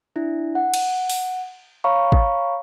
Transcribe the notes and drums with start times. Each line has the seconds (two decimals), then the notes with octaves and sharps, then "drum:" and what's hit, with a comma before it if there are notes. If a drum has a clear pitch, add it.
0.16 D4 E4
0.55 F#5
0.74 drum: cymbal
1.09 drum: open hi-hat
1.84 C#5 F5 A#5 B5 C#6
2.12 drum: kick